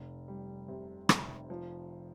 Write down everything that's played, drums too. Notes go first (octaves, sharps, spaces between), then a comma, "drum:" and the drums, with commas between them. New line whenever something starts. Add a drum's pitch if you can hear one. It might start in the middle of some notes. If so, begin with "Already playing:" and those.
Already playing: F1
G3
C3
F1, drum: rim click
F3